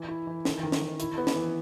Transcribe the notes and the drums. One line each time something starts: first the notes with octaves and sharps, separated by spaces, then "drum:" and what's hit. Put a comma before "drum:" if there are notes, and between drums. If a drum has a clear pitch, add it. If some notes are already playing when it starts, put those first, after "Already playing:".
Already playing: E3
E4
E3
D#3, drum: snare
D#3
drum: snare
D#3
E4, drum: hi-hat
B3
drum: snare
E3